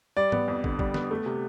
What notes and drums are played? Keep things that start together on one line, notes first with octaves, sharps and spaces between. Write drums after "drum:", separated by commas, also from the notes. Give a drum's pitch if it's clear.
G3 D5
B3, drum: tom G#2
F2
D3, drum: kick
G3, drum: kick
B3, drum: snare
A3
C3